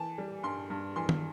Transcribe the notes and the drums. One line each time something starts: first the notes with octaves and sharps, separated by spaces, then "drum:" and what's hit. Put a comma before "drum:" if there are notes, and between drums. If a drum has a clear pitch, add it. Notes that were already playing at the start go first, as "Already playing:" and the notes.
Already playing: E3 A5
G3
G2 C6
G2
E3 C6
drum: tom D#3